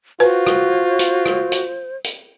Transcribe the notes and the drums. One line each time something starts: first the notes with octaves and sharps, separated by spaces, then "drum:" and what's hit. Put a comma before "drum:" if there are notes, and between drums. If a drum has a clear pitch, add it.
F4 F#4 B4 C5
drum: rim click
drum: hi-hat
drum: rim click
drum: hi-hat
drum: hi-hat